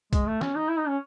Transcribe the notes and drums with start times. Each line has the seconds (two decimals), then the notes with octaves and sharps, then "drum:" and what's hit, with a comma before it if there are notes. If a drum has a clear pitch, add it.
0.13 G#3, drum: kick, hi-hat
0.26 A3
0.41 C#4, drum: snare
0.55 D#4
0.69 E4
0.79 D#4
0.88 C#4